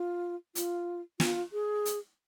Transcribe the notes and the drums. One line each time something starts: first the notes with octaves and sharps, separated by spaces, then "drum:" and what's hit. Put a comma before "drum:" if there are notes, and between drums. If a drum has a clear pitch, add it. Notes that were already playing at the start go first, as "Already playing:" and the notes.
Already playing: F4
F4, drum: hi-hat
F4, drum: snare
G#4
drum: hi-hat